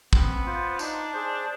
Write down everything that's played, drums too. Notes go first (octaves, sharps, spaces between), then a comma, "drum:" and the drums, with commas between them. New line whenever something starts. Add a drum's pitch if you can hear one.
B3 C4, drum: kick
F4 C5
D4 D#4, drum: tambourine
G#4 C5